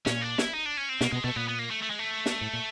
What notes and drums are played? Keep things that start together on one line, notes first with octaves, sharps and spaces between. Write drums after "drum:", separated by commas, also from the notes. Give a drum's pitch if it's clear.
A#2 C#4, drum: snare
D4
E4, drum: snare
D#4
D4
C#4
C4
B2 A#3, drum: snare
B2 G#3
B2 A3
A#2 B3
B3
A#3
A3
A3
G#3
A3
drum: snare
A2
A#2